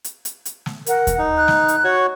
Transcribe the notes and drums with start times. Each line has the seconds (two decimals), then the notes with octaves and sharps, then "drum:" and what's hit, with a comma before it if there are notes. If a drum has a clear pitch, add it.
0.04 drum: hi-hat
0.25 drum: hi-hat
0.45 drum: hi-hat
0.66 drum: snare
0.86 A#4 F#5, drum: hi-hat
1.07 drum: kick D#2, hi-hat
1.19 D#4
1.36 F#6
1.48 drum: snare
1.68 drum: hi-hat
1.84 F#4 C#5